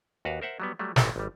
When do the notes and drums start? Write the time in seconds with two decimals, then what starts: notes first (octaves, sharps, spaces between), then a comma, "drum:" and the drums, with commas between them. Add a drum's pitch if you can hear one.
0.25 D#2 F#4 B4 F5
0.42 A#4 C5 E5 F#5
0.60 F#3 G3 B3
0.79 F#3 G3 A3
0.96 G#1 A4 G5, drum: snare
1.16 G#1 G3